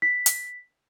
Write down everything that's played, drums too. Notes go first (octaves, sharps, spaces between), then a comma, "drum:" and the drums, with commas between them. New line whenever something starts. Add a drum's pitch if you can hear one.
B6
drum: hi-hat